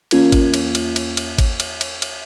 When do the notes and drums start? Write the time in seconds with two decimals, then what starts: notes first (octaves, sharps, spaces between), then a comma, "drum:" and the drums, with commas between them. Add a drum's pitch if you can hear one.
0.11 E2 A#3 C#4 F4 A#4 G#6, drum: cymbal
0.32 drum: kick G#1, cymbal
0.54 drum: cymbal
0.75 drum: cymbal
0.96 drum: cymbal
1.17 drum: cymbal
1.38 drum: kick G#1, cymbal
1.60 drum: cymbal
1.81 drum: cymbal
2.02 drum: cymbal